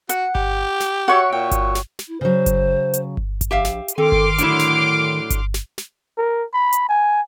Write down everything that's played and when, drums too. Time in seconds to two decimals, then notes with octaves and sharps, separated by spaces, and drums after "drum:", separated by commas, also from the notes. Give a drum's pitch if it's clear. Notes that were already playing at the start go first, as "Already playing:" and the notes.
0.09 F#4 F#5, drum: hi-hat
0.35 G4, drum: kick G1
0.80 drum: snare
1.08 F#4 C#5 E5 F#5 C#6
1.33 A#2 G5
1.51 drum: kick G1, hi-hat
1.75 drum: snare
1.99 drum: snare
2.08 E4
2.21 C#3 F#3 C5
2.46 drum: kick G1, hi-hat
2.94 drum: hi-hat
3.17 drum: kick G1
3.41 drum: kick G1, hi-hat
3.51 A#1 G4 E5 F5
3.65 drum: snare
3.88 drum: hi-hat
3.98 D#3 C4 A4 C6 D6 F6
4.12 drum: kick G1
4.38 A2 D3 F#3 E4, drum: hi-hat
4.59 drum: snare
5.30 drum: kick G1, hi-hat
5.54 drum: snare
5.78 drum: snare
6.18 A#4
6.54 B5
6.72 drum: hi-hat
6.88 G#5